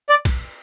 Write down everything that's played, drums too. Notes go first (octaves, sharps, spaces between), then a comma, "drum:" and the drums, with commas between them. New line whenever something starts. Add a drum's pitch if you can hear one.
D5
drum: kick, cymbal